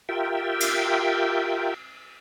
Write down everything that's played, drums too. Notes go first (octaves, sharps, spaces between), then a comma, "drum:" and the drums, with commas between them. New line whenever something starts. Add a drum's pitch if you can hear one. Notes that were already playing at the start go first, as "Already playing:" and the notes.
F4 G4 A#4 E5 G5
drum: cymbal